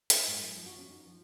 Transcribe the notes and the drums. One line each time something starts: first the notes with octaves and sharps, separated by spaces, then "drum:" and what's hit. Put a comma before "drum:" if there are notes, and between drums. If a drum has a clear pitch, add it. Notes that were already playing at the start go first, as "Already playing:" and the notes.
D#4, drum: hi-hat
G#2
F3
F3
F#4
C#4
D#4
F3